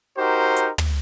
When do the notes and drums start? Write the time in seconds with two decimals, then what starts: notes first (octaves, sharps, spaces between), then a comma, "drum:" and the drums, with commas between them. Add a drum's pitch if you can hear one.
0.17 D#4 F#4 G4 A#4 C5
0.56 drum: hi-hat
0.78 drum: tom